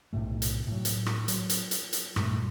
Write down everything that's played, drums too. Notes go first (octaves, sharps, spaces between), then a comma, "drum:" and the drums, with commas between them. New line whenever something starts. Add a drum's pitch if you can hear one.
B1 A2 C3 A3
drum: hi-hat
A2 F#3
drum: hi-hat
drum: rim click
F#3, drum: hi-hat
drum: hi-hat
drum: hi-hat
drum: hi-hat
G2 A#2 G3 A3, drum: rim click